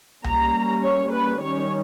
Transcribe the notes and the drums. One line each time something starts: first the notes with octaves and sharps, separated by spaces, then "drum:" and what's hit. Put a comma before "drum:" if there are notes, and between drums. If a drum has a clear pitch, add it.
G3 A#3 C#4 A#5, drum: tom C2
C#5
B4
D#3 G3 C#4 C#5